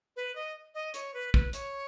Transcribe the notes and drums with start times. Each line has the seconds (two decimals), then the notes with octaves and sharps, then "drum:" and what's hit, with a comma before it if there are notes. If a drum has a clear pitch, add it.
0.16 B4
0.35 D#5
0.74 D#5
0.94 C#5, drum: hi-hat
1.14 B4
1.34 B4, drum: kick
1.53 C#5, drum: hi-hat